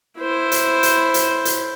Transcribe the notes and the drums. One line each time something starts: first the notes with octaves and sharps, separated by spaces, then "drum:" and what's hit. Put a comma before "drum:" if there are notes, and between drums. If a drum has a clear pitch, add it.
E4 C5
drum: hi-hat
drum: hi-hat
drum: hi-hat
drum: hi-hat